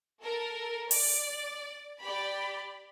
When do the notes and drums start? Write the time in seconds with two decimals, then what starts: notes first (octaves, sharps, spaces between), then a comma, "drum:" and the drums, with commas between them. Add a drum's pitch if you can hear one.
0.21 A4 A#4
0.91 D5, drum: open hi-hat
2.01 G4 D5 B5